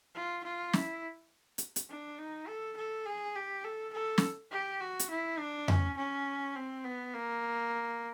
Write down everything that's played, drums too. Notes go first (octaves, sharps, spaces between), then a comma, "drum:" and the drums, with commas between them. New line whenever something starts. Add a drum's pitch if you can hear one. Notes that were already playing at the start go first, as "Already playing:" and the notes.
F4
F4
E4, drum: snare
drum: hi-hat
drum: hi-hat
D4
D#4
A4
A4
G#4
G4
A4
A4
drum: snare
G4
F#4
drum: hi-hat
E4
D4
C#4, drum: tom F2
C#4
C4
B3
A#3